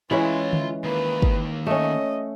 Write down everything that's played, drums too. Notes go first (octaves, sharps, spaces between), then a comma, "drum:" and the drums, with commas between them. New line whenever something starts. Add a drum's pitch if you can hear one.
E3 G#3 C#4 E4 F4 B5
drum: tom D3
D#3 A#3 B4
drum: kick
A3 C#4 D#5